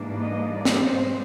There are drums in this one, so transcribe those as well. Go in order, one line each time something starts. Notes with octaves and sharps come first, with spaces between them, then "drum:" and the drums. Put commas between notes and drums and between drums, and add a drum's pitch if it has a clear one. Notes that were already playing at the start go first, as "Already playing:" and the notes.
Already playing: G#2 E3 G3 A#3 D4
D#5
D5
drum: snare
B2 G#3 C4 C5